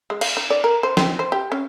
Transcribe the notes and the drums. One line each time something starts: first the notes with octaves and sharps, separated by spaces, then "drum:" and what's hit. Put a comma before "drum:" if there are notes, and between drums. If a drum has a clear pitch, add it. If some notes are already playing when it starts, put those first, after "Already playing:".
G#3
F5, drum: cymbal
D#4
D5
A#4
C5
C4, drum: snare
C5
G4
C#4